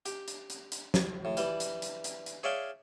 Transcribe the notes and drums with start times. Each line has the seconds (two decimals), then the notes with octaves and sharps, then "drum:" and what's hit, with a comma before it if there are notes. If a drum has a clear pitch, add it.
0.06 G4, drum: hi-hat
0.28 drum: hi-hat
0.50 drum: hi-hat
0.72 drum: hi-hat
0.94 drum: snare
1.25 A2
1.37 E3 G3, drum: hi-hat
1.60 drum: hi-hat
1.82 drum: hi-hat
2.04 drum: hi-hat
2.26 drum: hi-hat
2.43 G#4 C#5 D5 E5 F5 G5